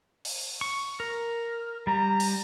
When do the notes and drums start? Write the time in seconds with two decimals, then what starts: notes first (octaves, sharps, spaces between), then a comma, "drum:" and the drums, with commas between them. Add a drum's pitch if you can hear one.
0.25 drum: open hi-hat
0.61 C#6
1.00 A#4
1.87 G3 A#5
2.20 drum: open hi-hat